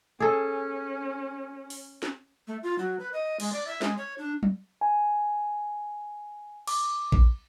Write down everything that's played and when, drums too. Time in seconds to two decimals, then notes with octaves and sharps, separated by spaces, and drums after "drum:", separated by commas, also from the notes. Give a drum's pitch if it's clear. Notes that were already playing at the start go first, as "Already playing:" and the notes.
0.20 C#4 G#4 A4
1.70 drum: open hi-hat
2.03 drum: snare
2.47 A3
2.63 F4
2.78 F#3
2.99 B4
3.13 D#5
3.40 G#3, drum: cymbal
3.53 D5
3.67 E5
3.82 G#3, drum: snare
3.97 C#5
4.18 D4
4.43 drum: tom
4.81 G#5
6.67 D6, drum: cymbal
7.12 drum: kick A#1